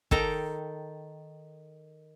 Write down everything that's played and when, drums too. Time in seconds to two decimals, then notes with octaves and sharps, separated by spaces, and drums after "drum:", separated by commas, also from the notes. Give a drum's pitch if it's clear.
0.11 D#3 A4 G5 A#5, drum: kick